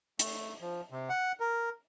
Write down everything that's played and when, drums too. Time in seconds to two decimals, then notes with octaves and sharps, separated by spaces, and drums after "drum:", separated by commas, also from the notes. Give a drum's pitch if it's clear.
0.19 A3, drum: hi-hat
0.61 F3
0.91 C3
1.09 F#5
1.40 A#4